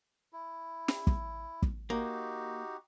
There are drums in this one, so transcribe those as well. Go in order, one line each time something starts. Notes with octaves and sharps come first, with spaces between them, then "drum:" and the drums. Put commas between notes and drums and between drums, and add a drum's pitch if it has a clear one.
E4
drum: snare
drum: kick
drum: kick
A#3 D#4 F#4 G4